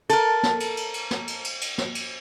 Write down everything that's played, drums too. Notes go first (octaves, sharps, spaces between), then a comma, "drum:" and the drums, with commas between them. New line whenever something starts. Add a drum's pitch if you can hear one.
A4 A#4, drum: cymbal
drum: snare
drum: cymbal
drum: cymbal
drum: cymbal
drum: snare
drum: cymbal
drum: cymbal
drum: cymbal
drum: snare
drum: cymbal